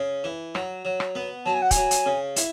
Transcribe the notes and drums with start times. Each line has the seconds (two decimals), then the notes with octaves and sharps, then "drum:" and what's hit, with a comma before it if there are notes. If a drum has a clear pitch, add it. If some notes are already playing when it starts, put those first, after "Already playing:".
Already playing: C#3
0.24 E3
0.55 F#3, drum: rim click
0.85 F#3
1.00 drum: rim click
1.15 B3
1.45 F#3 A5
1.54 G#5
1.62 F#5
1.71 G#5, drum: kick, hi-hat
1.76 F#3
1.91 drum: hi-hat
2.06 C#3
2.36 E4, drum: hi-hat